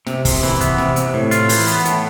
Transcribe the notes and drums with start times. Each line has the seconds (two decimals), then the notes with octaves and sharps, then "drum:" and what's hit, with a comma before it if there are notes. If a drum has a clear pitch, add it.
0.07 C3, drum: snare
0.25 C3, drum: kick, open hi-hat
0.43 E3, drum: snare
0.61 B3, drum: kick, hi-hat
0.78 C3, drum: snare
0.96 C3, drum: hi-hat
1.14 A2
1.31 F4, drum: hi-hat
1.49 E3, drum: open hi-hat
1.67 B3, drum: hi-hat
1.85 A2, drum: hi-hat